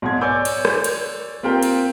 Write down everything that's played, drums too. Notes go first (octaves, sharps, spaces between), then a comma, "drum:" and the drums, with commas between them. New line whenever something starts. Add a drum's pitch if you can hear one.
B1 G#2 B2 G#6
C#5 D5 G#5 D6 E6 G6
drum: cymbal
drum: rim click
drum: cymbal
A#3 C4 F4 G4 A#4 G5
drum: cymbal